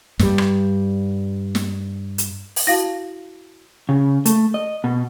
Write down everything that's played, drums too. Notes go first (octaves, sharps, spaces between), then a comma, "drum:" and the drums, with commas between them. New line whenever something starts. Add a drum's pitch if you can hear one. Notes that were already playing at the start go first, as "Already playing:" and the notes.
G2 G3, drum: snare
drum: rim click
drum: snare
drum: hi-hat
drum: open hi-hat
E4 F#4 F5 A5 A#6
C#3
A3, drum: hi-hat
D#5
B2